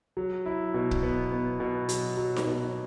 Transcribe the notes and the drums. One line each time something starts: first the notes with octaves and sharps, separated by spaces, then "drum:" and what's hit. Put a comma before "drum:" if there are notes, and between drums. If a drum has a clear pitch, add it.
F#3
E4
B2
drum: kick
B3
B3
B2
F#3, drum: hi-hat
F#3
drum: snare D#4
B2